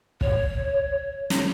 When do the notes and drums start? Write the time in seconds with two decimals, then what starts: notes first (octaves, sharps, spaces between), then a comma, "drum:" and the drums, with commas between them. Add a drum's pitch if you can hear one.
0.21 C#5, drum: kick
1.30 drum: snare